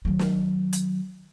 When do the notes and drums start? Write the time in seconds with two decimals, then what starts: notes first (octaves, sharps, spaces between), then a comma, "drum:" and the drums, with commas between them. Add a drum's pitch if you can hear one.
0.05 D#3 F#3
0.19 drum: snare
0.73 drum: hi-hat